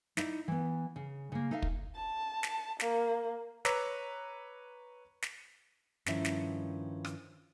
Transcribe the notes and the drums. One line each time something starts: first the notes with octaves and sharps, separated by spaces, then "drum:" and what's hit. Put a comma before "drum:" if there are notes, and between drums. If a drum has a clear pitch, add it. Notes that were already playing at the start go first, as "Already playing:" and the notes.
D#4 E4 D5 E5, drum: snare
E3 B3
C#3
C#3 A#3
D#4 A4 E5 F5
drum: kick
A5
drum: snare
A#3, drum: snare
B4 C#5 A#5 D6 E6 F#6, drum: snare
drum: snare
G2 D#3 F3 C#4 E4 E5, drum: snare
drum: snare
drum: rim click